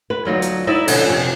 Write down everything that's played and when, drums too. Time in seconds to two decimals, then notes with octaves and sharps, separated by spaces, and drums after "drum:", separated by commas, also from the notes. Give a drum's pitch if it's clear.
0.10 B4
0.25 D2 F#3 D#4 F4
0.42 drum: hi-hat
0.67 D#4 E4 D5 E5
0.87 B2 D3 F3 C#4, drum: cymbal
1.06 F2 C3